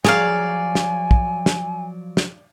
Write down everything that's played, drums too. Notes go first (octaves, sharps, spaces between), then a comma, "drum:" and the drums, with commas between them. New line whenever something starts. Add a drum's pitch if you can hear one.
F3 F#3 G#4 C#5 D5 F5 G#5 A#5, drum: snare
drum: snare
drum: kick
drum: snare
drum: snare